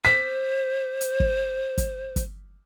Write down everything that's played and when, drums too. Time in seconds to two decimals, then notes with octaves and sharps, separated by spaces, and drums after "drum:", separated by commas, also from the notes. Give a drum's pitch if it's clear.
0.05 C5 B6
1.01 drum: hi-hat
1.20 drum: kick
1.78 drum: kick, hi-hat
2.16 drum: kick, hi-hat